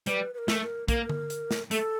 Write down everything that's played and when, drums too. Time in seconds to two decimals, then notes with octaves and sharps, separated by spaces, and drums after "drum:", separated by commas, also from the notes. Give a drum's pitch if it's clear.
0.06 G3 B4 C5, drum: hi-hat
0.34 B4
0.38 A#4
0.48 A3, drum: snare
0.62 A#4
0.88 A#3 A#4, drum: kick, hi-hat
1.09 drum: tom D3
1.30 drum: hi-hat
1.51 drum: snare
1.71 A3 A4, drum: hi-hat